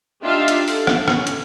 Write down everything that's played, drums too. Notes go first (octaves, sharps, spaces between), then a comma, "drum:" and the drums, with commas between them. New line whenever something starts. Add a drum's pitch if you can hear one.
D4 D#4 F4 G4 E5 F5
drum: hi-hat
A4, drum: open hi-hat
drum: rim click
C#4, drum: rim click
drum: hi-hat